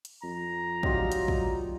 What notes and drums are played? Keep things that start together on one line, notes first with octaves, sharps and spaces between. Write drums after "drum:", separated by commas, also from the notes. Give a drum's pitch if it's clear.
drum: hi-hat
F2 A#5
F#3 G3 D#4 F4, drum: kick
drum: hi-hat
drum: kick